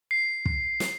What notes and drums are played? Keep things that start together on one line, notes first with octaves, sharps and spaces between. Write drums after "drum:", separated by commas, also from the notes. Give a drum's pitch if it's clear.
C7
drum: kick
drum: snare